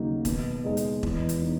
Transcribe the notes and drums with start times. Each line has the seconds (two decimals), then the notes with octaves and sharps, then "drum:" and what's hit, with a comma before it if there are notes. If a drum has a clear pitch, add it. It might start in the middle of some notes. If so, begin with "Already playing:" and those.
Already playing: D#2 C#3 F#3 A#3 D#4
0.25 B2, drum: kick E1, hi-hat
0.64 G#3 D#4 G#4 D#5
0.77 drum: hi-hat
1.03 E2, drum: kick E1
1.29 drum: hi-hat
1.42 B3 D#4